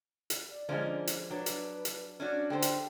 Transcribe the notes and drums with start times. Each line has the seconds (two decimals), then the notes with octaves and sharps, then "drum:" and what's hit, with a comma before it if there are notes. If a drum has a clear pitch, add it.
0.30 drum: hi-hat
0.51 D5
0.69 D3 F3 G#3 A#3 C#4
1.07 drum: hi-hat
1.30 F#3 D4 B4
1.46 drum: hi-hat
1.85 drum: hi-hat
2.20 C#4 D4 F#4 D5
2.50 D3 D4 G4 A4 C5
2.62 drum: hi-hat